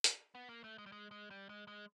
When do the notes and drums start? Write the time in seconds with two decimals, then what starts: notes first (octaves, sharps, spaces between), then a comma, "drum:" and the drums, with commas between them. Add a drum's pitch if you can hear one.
0.04 drum: hi-hat
0.35 B3
0.49 A#3
0.64 A3
0.78 G#3
0.86 G3
0.92 G#3
1.11 G#3
1.30 G3
1.49 G#3
1.67 G#3